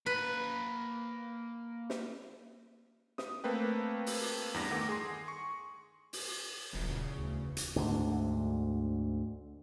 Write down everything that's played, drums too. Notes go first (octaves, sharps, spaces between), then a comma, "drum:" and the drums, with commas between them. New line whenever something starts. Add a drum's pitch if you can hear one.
A#3 B4 B5
drum: snare
D#6, drum: snare
A3 A#3 C4 B4 G5
drum: open hi-hat
E2 G2 A#6
D#3 A3 F#5 D6
G#4 C6
C#6
drum: open hi-hat
D#1 A#1 C#3 F#3
E2 C#3
D2
drum: hi-hat
D2 G#2 D3